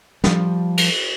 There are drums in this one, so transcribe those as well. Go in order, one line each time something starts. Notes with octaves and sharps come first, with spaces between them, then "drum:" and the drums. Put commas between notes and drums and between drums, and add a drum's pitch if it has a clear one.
F3 G3, drum: snare
drum: cymbal